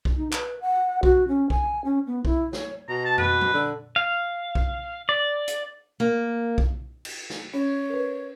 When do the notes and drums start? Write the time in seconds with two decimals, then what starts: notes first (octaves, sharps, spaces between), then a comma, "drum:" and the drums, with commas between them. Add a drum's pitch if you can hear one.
0.05 drum: kick B1
0.16 D#4
0.33 B4, drum: clap
0.61 F#5
1.03 F#4, drum: kick B1
1.28 C#4
1.50 G#5, drum: kick B1
1.85 C#4
2.07 B3
2.25 E4, drum: kick B1
2.53 C#5, drum: snare
2.89 B2 A#5
3.05 A5
3.18 B4, drum: tom F2
3.41 drum: tom A#2
3.53 D3
3.96 F5
4.55 drum: kick B1
5.09 D5
5.48 drum: hi-hat
6.00 A#3
6.58 drum: kick B1
7.05 drum: cymbal
7.30 drum: snare
7.54 C#4 C#5
7.90 A#4 B4